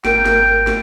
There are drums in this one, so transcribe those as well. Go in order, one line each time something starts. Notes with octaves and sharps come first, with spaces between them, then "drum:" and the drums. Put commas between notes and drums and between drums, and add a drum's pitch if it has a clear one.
G#1 A#4 G5 D7, drum: snare
drum: snare
drum: snare